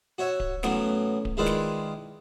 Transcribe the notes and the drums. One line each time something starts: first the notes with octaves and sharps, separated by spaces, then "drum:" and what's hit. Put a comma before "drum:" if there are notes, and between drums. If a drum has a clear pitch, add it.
F#4 C#5 E5
drum: kick D1
A2 C#3 E3 F#3 A3 B3, drum: snare
drum: kick D1
D#3 G#3 E4 F4 B4 D5
drum: snare